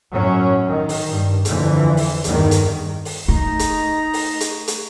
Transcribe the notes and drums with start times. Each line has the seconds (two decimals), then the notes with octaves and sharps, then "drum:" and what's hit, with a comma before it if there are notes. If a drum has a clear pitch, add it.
0.12 F#2 A2 F#3 C#4
0.69 D#3
0.89 drum: open hi-hat
1.08 G2
1.45 F2 D3 E3, drum: hi-hat
1.97 drum: open hi-hat
2.24 E2 G2 D#3, drum: hi-hat
2.51 drum: hi-hat
3.05 drum: open hi-hat
3.28 A3 D#4 A#5
3.59 drum: hi-hat
4.13 drum: open hi-hat
4.41 drum: hi-hat
4.68 drum: hi-hat